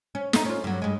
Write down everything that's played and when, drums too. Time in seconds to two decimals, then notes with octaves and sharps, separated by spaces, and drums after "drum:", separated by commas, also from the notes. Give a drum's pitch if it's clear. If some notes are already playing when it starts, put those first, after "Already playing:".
0.15 C#4
0.33 A3 D#4, drum: snare
0.45 C#4 F4
0.64 G2 F#3
0.82 G2 G#3